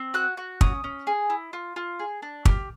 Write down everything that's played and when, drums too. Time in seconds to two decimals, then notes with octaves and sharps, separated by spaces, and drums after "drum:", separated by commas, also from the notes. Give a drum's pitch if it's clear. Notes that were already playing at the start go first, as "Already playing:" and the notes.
Already playing: C4
0.14 F#4 F#6
0.37 F#4
0.61 C#4 D#6, drum: kick
0.84 C#4
1.07 G#4
1.30 E4
1.53 F4
1.76 F4
1.99 G#4
2.22 D4
2.45 G4 F6, drum: kick